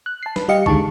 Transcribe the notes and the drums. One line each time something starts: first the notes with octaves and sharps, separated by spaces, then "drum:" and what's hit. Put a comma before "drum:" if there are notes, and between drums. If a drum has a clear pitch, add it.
F#6
A5 C7
B4, drum: snare
G3 G4 D#5 F5 C#7
D#2 D3 G#3 D#4 A5 C#6, drum: kick